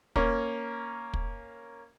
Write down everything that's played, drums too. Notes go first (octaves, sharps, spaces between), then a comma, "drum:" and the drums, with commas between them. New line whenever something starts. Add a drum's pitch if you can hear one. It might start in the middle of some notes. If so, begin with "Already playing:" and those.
A#3 C#4, drum: kick
drum: kick